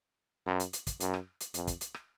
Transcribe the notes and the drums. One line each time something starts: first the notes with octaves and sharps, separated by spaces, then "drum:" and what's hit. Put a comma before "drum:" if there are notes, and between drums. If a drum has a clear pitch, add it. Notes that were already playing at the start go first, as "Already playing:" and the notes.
F#2
drum: hi-hat
drum: hi-hat
drum: kick, hi-hat
F#2, drum: hi-hat
drum: rim click
drum: hi-hat
F2, drum: hi-hat
drum: kick, hi-hat
drum: hi-hat
drum: rim click